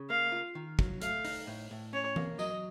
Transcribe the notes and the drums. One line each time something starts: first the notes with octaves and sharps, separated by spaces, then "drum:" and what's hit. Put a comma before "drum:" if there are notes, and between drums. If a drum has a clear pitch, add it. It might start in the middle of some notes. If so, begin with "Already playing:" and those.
Already playing: C#3
A#3 F5
F4
D#3
F#3, drum: kick
A3 F5, drum: hi-hat
D#4, drum: open hi-hat
A2
A2
C#4 C#5
A#3, drum: tom E3
F#3 D#5, drum: tambourine